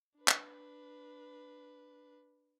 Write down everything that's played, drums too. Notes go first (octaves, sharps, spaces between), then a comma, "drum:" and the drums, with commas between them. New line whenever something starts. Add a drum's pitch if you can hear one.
D4 B4
drum: clap